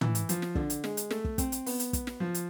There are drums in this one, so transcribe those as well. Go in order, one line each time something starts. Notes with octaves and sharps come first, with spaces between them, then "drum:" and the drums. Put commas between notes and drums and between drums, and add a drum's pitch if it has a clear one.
E3, drum: tom
drum: hi-hat
F3, drum: hi-hat
drum: snare
D3, drum: kick
drum: hi-hat
G#3, drum: snare
drum: hi-hat
A3, drum: snare
drum: kick
C4, drum: kick, hi-hat
drum: hi-hat
B3, drum: open hi-hat
drum: hi-hat
drum: kick, hi-hat
drum: snare
F3
drum: hi-hat